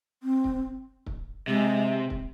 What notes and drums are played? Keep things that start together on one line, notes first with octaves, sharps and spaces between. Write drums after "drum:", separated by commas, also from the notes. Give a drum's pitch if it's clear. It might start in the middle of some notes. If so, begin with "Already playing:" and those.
C4
drum: kick
drum: kick
C3 G#3
drum: kick